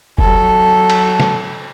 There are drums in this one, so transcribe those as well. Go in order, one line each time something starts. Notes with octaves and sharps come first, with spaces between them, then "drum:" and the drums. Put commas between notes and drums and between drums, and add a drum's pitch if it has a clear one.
F#3 A4, drum: kick F1
drum: cymbal
drum: snare